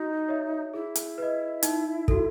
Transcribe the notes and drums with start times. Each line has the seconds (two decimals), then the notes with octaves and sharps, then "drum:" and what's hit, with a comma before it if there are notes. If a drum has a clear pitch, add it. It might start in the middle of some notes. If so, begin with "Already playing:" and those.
Already playing: D#4 F#4
0.29 C#5 E5
0.74 E4 G#4
0.95 drum: hi-hat
1.18 B4 D#5
1.63 D#4, drum: hi-hat
2.08 F#4 A4, drum: kick